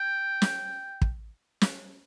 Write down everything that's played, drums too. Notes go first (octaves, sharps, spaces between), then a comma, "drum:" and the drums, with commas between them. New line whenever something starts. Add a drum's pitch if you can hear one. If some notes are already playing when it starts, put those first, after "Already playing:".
Already playing: G5
drum: snare
drum: kick
drum: snare